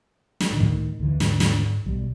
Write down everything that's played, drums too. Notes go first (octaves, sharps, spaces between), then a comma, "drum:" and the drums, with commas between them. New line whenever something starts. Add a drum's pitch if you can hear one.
drum: snare
A2 D#3
drum: kick
D#2 D3 E3
G#2, drum: snare
drum: snare
B1 B2 G3